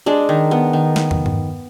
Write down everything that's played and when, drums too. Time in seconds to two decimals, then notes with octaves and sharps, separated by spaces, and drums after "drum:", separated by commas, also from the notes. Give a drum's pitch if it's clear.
0.06 G#3 D4
0.29 D#3
0.51 B3
0.73 D#3
0.96 drum: snare
1.11 drum: tom
1.26 drum: tom G2